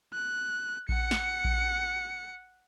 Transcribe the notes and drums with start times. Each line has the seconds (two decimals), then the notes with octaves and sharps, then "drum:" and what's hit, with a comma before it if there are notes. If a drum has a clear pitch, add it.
0.14 F#6
0.89 F#5 C#7, drum: kick A#1
1.11 drum: snare
1.45 drum: kick A#1